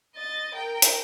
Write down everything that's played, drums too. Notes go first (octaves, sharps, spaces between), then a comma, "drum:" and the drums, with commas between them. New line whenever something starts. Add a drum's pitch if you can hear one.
D#5 A6
A#4 G5
drum: hi-hat